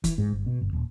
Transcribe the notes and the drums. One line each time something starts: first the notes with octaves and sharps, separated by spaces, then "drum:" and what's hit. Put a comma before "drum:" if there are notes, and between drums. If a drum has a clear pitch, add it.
E3, drum: kick F1, hi-hat
G#2
G1
B2
G1
D#1